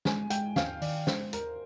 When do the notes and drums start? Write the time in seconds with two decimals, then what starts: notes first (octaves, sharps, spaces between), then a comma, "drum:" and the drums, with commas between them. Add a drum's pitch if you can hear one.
0.05 G#3 G#5, drum: snare
0.30 G#3 G5, drum: hi-hat
0.56 D#2 F5, drum: snare
0.82 D#3 D5, drum: open hi-hat
1.07 G#3 C5, drum: snare
1.33 D#2 A#4, drum: hi-hat